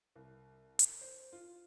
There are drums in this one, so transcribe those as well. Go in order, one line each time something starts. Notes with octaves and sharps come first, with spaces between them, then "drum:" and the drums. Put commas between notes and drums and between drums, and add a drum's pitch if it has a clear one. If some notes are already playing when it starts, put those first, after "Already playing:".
C2
drum: hi-hat
C5
F4